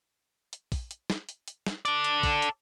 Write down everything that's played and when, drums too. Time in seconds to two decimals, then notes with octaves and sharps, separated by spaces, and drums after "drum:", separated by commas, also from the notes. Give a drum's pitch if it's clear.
0.53 drum: hi-hat
0.72 drum: kick, open hi-hat
0.91 drum: hi-hat
1.10 drum: snare
1.29 drum: hi-hat
1.48 drum: hi-hat
1.67 drum: snare
1.85 A4 D5, drum: hi-hat
2.04 drum: hi-hat
2.23 drum: kick, open hi-hat
2.42 drum: hi-hat